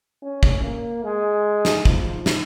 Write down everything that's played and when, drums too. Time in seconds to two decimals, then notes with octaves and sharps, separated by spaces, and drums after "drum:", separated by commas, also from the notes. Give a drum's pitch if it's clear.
0.23 C#4
0.43 drum: kick
0.63 A#3
1.04 G#3
1.65 drum: snare
1.85 F3, drum: kick
2.26 drum: snare